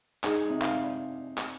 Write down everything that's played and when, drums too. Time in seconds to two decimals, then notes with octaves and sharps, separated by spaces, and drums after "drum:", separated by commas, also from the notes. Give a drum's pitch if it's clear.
0.24 D#4 G#4, drum: clap
0.50 C3
0.62 F5, drum: clap
1.38 drum: clap